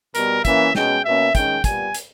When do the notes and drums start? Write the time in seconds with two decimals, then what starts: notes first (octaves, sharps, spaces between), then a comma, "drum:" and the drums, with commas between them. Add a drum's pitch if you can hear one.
0.15 B2 G3 B3 A#4, drum: hi-hat
0.45 E3 A#3 C#4 E5, drum: kick, hi-hat
0.75 B2 G#3 C#4 G5, drum: snare
1.04 B2 A#3 C#4 E5
1.35 D#3 G#3 C#4 G5, drum: kick, hi-hat
1.64 A#2 G3 B3 G#5, drum: kick, hi-hat
1.94 drum: hi-hat